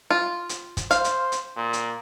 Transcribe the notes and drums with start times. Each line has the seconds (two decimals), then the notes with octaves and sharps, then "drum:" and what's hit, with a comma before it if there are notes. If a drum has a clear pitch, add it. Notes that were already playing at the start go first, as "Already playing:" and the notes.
0.10 F4
0.49 drum: hi-hat
0.77 drum: kick, hi-hat
0.91 C5 F5, drum: hi-hat
1.04 drum: hi-hat
1.32 drum: hi-hat
1.56 A#2
1.73 drum: hi-hat